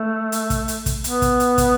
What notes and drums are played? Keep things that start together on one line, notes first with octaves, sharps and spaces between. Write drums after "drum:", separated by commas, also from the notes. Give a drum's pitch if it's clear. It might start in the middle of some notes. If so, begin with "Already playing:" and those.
Already playing: A3
drum: hi-hat
drum: kick, hi-hat
drum: hi-hat
drum: kick, hi-hat
B3, drum: hi-hat
drum: kick, hi-hat
drum: hi-hat
drum: kick, hi-hat